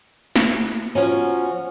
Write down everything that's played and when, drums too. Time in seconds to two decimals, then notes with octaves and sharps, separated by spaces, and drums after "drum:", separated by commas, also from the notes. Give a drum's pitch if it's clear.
0.36 drum: snare
0.95 F3 F#3 C#4